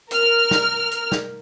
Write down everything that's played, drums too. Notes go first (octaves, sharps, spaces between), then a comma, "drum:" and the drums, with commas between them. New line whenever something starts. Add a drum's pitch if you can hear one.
A#4 F6, drum: hi-hat
drum: snare
drum: hi-hat
drum: snare